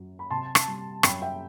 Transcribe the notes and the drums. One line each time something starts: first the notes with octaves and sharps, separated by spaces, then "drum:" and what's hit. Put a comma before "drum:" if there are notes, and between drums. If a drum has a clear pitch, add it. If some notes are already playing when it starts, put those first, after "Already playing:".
Already playing: F#2 F#3
B5
C3 A5 C6
drum: rim click
G3
F#2 G5 B5, drum: rim click
E5 G5